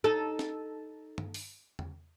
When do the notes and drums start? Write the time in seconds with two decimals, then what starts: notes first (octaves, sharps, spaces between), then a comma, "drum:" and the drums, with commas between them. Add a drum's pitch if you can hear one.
0.04 D#4 A4
0.39 drum: snare
1.18 drum: tom G2
1.34 drum: open hi-hat
1.79 drum: tom E2